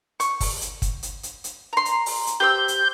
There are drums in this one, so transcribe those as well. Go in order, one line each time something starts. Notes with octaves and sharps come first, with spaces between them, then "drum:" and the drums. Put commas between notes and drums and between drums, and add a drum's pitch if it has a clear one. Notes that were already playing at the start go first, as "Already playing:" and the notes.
C#6, drum: hi-hat
drum: kick, open hi-hat
drum: hi-hat
drum: kick, hi-hat
drum: hi-hat
drum: hi-hat
drum: hi-hat
A#5 C6
drum: hi-hat
drum: open hi-hat
drum: hi-hat
G4 C5 E6 G6
drum: hi-hat